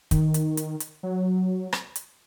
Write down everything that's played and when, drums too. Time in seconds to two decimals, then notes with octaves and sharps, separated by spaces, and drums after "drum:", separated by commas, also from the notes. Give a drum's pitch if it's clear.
0.11 D#3, drum: kick, hi-hat
0.34 drum: hi-hat
0.57 drum: hi-hat
0.80 drum: hi-hat
1.03 F#3
1.73 drum: rim click
1.96 drum: hi-hat